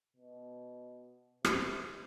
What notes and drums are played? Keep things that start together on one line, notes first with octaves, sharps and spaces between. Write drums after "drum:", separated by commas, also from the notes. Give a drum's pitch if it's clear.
B2
C3, drum: rim click